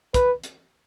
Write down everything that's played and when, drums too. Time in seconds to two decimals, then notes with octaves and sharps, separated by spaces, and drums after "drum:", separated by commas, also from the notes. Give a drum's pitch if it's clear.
0.14 B4, drum: kick, hi-hat
0.44 drum: hi-hat